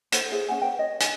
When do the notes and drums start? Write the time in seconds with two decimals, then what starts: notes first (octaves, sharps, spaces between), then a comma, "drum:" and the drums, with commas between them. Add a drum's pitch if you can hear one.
0.12 A4 C5 C#5 F#5, drum: hi-hat
0.32 E4 G#4 C5
0.48 C#4 D#5 F#5 G#5
0.62 C#4 B4 G5
0.79 C#5 D#5
1.00 G#5, drum: hi-hat